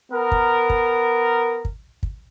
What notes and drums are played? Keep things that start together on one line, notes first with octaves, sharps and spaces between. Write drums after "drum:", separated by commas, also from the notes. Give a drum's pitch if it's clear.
B3 A#4
drum: kick
drum: kick
drum: kick
drum: kick